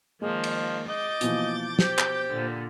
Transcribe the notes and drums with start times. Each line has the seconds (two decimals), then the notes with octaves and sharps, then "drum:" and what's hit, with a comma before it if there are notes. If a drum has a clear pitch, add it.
0.22 D#3 F3 G#3 A#3 G#4 D#5
0.44 drum: cymbal
0.88 D#5 D6 G6 A6
1.21 B2 E3 F3 A#3, drum: hi-hat
1.79 G4 C5, drum: snare
1.98 drum: clap
2.31 A#2 D3